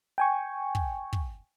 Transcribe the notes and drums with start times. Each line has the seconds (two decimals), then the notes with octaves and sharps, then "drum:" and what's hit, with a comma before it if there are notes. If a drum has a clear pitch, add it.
0.18 G5 G#5 C#6
0.75 drum: kick
1.13 drum: kick